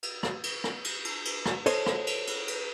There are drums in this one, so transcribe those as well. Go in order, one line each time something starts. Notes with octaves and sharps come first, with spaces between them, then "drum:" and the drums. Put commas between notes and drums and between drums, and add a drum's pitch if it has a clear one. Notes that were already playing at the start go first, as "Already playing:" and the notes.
drum: cymbal
drum: rim click
drum: cymbal
drum: rim click
drum: cymbal
drum: cymbal
drum: cymbal
drum: rim click
A4 C5 C#5 D#5, drum: cymbal
drum: rim click
drum: cymbal
drum: cymbal
drum: cymbal